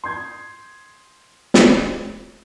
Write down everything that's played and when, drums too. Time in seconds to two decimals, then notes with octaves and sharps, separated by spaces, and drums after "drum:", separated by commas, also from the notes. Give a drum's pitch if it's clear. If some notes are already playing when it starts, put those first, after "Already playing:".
0.04 C6 D#6 G6 G#6
1.54 drum: snare